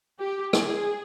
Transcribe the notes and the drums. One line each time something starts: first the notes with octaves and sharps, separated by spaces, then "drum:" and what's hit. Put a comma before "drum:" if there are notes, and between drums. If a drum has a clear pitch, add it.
G4
G#4, drum: rim click